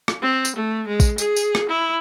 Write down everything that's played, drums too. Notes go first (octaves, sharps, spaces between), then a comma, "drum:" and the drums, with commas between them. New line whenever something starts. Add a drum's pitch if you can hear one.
drum: rim click
C4
drum: tambourine
A3
G#3
drum: kick, tambourine
G#4, drum: tambourine
drum: tambourine
drum: rim click
E4